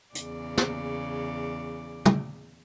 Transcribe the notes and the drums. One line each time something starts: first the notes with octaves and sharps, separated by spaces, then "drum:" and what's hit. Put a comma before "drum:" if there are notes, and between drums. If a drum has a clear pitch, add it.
E2 C#3 D5, drum: hi-hat
drum: snare
drum: tom